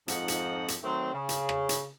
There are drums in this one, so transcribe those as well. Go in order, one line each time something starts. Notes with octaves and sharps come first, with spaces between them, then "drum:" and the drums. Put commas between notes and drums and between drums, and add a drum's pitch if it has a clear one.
F2 G#2 F3 D#4 F#5, drum: hi-hat
drum: hi-hat
drum: hi-hat
D#3 F#3 A3 C4
C#3
drum: hi-hat
drum: rim click
drum: hi-hat